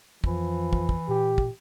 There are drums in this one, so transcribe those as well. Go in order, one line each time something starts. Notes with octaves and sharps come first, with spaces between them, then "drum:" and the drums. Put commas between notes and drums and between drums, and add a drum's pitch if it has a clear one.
F2 E3 F3, drum: kick
drum: kick
drum: kick
A#2 G4
drum: kick